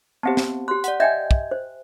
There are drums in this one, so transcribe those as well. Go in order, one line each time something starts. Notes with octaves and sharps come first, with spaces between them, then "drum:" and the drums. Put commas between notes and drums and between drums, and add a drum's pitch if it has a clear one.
B3 C4 G4 C5 F#5 A5
drum: snare
G4 C6 F#6
D5 F#5, drum: hi-hat
D#5 E5 G5 G#5 G6 G#6
drum: kick
C5